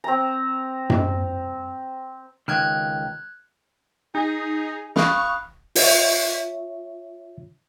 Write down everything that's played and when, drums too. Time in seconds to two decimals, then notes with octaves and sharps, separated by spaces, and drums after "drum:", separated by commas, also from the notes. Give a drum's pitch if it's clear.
0.04 C4 A#5
0.90 drum: tom F#2
2.48 C#2 D#3 F6 F#6 G#6
4.15 D#4 G#4
4.96 F5 B5 C#6 D#6 F#6, drum: snare
5.75 F4 C#5 E5, drum: open hi-hat